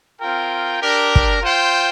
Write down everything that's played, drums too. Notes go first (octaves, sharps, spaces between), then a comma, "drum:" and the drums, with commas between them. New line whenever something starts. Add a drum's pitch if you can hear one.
C4 F4 A#4 G5
D4 G4 A#4
drum: kick
F4 C5 G5